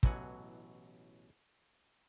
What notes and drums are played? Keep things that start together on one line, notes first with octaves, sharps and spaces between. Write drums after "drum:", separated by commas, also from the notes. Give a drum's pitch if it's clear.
A1 B2 E3 F#3 F#5 G#5, drum: kick